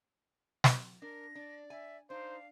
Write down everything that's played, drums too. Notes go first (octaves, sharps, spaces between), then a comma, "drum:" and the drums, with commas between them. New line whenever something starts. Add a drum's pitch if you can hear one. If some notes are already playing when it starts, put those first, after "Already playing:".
drum: snare
D4 A#4 A#6
D4 D5
E5 G#5
D4 D#4 C5 F5